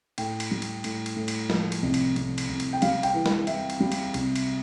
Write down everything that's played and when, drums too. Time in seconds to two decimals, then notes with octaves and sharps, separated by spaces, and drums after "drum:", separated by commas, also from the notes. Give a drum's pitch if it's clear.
0.18 A2 G5, drum: cymbal
0.40 drum: cymbal
0.51 G3
0.62 drum: cymbal
0.84 A2, drum: cymbal
1.06 drum: cymbal
1.16 A2
1.28 drum: cymbal
1.50 F3, drum: snare
1.72 drum: cymbal
1.82 C2
1.94 drum: cymbal
2.16 C2, drum: cymbal
2.38 drum: cymbal
2.49 C2
2.60 drum: cymbal
2.73 G5
2.82 G3 F5, drum: cymbal
3.03 G5, drum: cymbal
3.14 E3
3.26 drum: snare
3.47 E3 E5, drum: cymbal
3.70 drum: cymbal
3.80 G3
3.92 drum: cymbal
4.14 C2, drum: cymbal
4.36 drum: cymbal